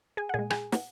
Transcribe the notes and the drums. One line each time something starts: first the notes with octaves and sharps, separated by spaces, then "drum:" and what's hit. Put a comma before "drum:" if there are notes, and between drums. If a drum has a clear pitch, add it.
G#4 G#5
F#5
A#2 G#3 G#4 G#5
G#4 G#5, drum: rim click
F#5, drum: snare